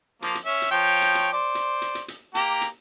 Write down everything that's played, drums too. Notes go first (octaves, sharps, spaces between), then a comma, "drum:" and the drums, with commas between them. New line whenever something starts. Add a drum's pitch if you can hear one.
F3 A#3, drum: hi-hat
drum: hi-hat
C#4 E5
drum: hi-hat
F3 C#5 G5
drum: hi-hat
drum: hi-hat
C5 D5
drum: hi-hat
drum: hi-hat
drum: hi-hat
drum: hi-hat
A#3 G4 A#5, drum: hi-hat
drum: hi-hat